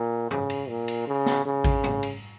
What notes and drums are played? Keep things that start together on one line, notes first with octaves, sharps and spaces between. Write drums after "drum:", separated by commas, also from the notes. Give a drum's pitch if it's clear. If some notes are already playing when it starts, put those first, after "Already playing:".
Already playing: A#2
C#3, drum: tom
drum: cymbal
A#2
drum: cymbal
C#3
drum: snare
C#3
drum: kick A1, cymbal
drum: tom
drum: cymbal